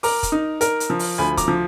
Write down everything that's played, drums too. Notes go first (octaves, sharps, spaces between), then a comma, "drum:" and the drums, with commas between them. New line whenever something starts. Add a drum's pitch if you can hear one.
A#4 A#5 D6, drum: open hi-hat
drum: kick, hi-hat
D#4
A#4, drum: hi-hat
drum: hi-hat
F3
drum: open hi-hat
D2 G#5 B5
A#5 D6, drum: kick, hi-hat
F3